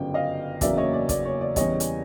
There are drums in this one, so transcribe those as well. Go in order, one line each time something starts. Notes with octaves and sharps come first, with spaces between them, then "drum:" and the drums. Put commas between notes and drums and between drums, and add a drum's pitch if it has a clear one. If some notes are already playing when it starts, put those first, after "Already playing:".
Already playing: G1 F#2 C#3 F#3 G5
D#5 F5
F#1 E2 C#3 F#3 A#3 D5 E5, drum: kick, hi-hat
C#5 D#5
D5
D5, drum: kick, hi-hat
C#5
D5
E2 C#3 E3 G3 C#5 D#5, drum: kick, hi-hat
drum: hi-hat